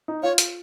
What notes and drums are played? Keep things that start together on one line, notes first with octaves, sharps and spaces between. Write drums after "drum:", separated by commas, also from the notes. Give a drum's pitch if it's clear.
D#4
F4 C#5
drum: hi-hat